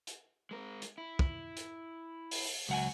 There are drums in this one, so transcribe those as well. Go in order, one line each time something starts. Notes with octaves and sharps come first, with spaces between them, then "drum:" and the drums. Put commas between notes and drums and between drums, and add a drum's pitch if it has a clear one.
drum: hi-hat
G#3 A#4
drum: hi-hat
E4
drum: kick
drum: hi-hat
drum: open hi-hat
C#2 F#3 F#5 G#5